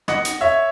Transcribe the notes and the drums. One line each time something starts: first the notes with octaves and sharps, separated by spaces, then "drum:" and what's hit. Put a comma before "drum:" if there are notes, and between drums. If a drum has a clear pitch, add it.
D#5 F#5, drum: rim click
drum: hi-hat
C#5 E5